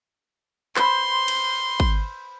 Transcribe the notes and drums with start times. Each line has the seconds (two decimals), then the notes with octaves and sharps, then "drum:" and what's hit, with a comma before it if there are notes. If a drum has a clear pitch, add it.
0.76 C5 B5 C6, drum: clap
1.28 drum: cymbal
1.80 drum: kick G#1